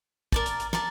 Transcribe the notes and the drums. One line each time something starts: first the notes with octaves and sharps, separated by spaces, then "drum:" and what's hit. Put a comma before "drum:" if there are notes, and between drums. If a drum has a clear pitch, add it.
A#4 D5 A5, drum: kick
drum: hi-hat
drum: hi-hat
A#4 D5 A5, drum: snare